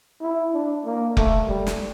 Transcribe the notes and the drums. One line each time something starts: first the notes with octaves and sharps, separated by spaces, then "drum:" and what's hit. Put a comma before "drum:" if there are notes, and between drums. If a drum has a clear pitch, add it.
E4
D4
A#3
A3, drum: kick F1
G3
drum: snare